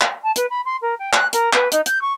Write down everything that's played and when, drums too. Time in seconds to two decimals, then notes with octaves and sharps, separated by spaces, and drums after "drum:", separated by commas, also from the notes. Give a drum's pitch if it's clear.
0.01 drum: clap
0.23 A5
0.36 B4, drum: hi-hat
0.49 B5
0.65 C6
0.81 A#4
0.98 G5
1.13 F#6, drum: clap
1.33 A#4, drum: hi-hat
1.53 B4, drum: clap
1.72 D#4, drum: hi-hat
1.86 G6, drum: hi-hat
2.01 C#6